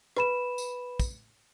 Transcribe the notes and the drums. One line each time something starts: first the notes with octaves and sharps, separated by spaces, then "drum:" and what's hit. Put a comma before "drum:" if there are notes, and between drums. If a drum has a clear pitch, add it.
B4 B5 E7, drum: rim click
drum: tambourine
drum: kick, tambourine